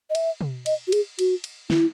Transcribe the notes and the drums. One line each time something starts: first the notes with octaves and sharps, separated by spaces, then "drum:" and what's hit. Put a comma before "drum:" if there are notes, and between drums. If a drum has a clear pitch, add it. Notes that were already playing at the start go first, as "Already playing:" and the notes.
D#5
E5, drum: cymbal
drum: tom
D#5, drum: cymbal
F#4
G#4, drum: cymbal
F#4, drum: cymbal
drum: cymbal
E4, drum: snare